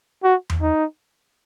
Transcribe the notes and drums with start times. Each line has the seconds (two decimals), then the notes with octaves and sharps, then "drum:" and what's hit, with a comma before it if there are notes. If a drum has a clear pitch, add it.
0.24 F#4
0.50 drum: tom E2
0.62 D#4